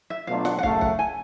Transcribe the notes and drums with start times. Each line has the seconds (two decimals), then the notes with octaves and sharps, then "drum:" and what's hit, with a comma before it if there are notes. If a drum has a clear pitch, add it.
0.10 E5
0.27 B2 F#3 A3 D4 F4 F5
0.45 F#5, drum: snare
0.58 F#5
0.63 F#2 C#3 F#3 A3 F5, drum: kick
0.81 F#5, drum: kick
0.99 G#5